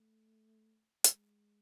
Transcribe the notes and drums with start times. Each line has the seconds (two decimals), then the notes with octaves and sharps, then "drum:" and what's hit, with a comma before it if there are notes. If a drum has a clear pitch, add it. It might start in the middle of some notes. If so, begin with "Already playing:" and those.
Already playing: A3
1.04 G#3, drum: hi-hat